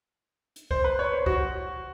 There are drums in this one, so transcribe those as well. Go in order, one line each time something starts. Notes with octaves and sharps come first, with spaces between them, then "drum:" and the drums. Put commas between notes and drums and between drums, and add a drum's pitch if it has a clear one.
drum: hi-hat
C5, drum: kick C#2
B4
C#5
C5
F#4, drum: kick C#2